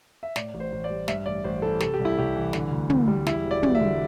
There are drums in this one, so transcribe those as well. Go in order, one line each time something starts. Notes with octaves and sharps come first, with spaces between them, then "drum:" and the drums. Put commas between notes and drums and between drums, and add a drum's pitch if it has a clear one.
E5
A2 D5, drum: snare
A1
C5
A1
D5
G3
G2 E5, drum: snare
A1 D5
A1 C5
E3 A4
C3 A4, drum: snare
G4
C2
E4
C2 G4
E3
D3, drum: snare
D2
D2, drum: tom
G3
E2 E4, drum: snare
E1
D5
E1, drum: tom
E5
D3